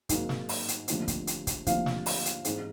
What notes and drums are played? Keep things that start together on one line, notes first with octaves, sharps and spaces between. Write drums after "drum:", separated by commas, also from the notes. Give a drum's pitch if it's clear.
G#2 D#3 F#3 A#3, drum: kick, hi-hat
drum: snare
drum: open hi-hat
drum: hi-hat
D#2 D3 F3 A3 C4, drum: hi-hat
drum: kick, hi-hat
drum: hi-hat
drum: kick, hi-hat
D#2 D3 F3 A3 C4 F5, drum: kick, hi-hat
drum: snare
drum: open hi-hat
drum: hi-hat
G#2 E3 G#3 C4, drum: hi-hat